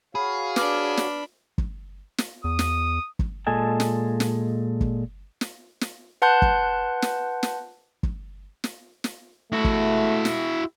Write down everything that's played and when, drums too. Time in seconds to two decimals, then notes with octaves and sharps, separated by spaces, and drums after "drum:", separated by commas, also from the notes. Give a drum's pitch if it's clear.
0.15 F#4 G#4 C#5 F5 B5
0.56 D4 B4 B5 D6 F6, drum: snare
0.97 drum: snare
1.58 drum: kick
2.18 drum: snare
2.44 E2 D#6
2.59 drum: snare
3.19 drum: kick
3.47 A#2 G#3 A4 D#5 G#5 A5
3.80 drum: snare
4.20 drum: snare
4.81 drum: kick
5.41 drum: snare
5.81 drum: snare
6.22 B4 F#5 A5 C6 F#6 G6
6.42 drum: kick
7.02 drum: snare
7.43 drum: snare
8.03 drum: kick
8.64 drum: snare
9.04 drum: snare
9.52 A3 E4 F#4
9.64 drum: kick
10.25 drum: snare